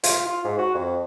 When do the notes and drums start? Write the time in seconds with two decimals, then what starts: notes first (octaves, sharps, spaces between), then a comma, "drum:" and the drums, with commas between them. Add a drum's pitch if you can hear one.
0.04 F4, drum: hi-hat
0.26 F4
0.44 G#2
0.58 F#4
0.74 F2